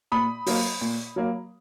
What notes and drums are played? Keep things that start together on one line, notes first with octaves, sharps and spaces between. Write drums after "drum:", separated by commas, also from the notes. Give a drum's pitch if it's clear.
A#2 B5 D#6
F#3 A#3, drum: open hi-hat
A#2
F#3 A#3